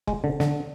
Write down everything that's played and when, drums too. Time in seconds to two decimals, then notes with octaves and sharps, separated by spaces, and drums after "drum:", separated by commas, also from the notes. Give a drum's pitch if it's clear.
0.07 G#3, drum: kick F1
0.24 D3
0.40 D3, drum: snare